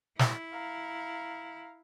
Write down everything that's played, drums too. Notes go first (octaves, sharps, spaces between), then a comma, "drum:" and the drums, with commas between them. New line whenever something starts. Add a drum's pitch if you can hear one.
E4, drum: snare
F5 A#5